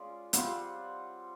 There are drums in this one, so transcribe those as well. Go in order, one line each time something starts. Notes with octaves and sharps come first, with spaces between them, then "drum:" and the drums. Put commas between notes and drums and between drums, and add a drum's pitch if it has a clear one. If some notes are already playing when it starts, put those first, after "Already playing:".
Already playing: G#3 C#4 F4 D5
G3 C4 F4 E5 F#5, drum: hi-hat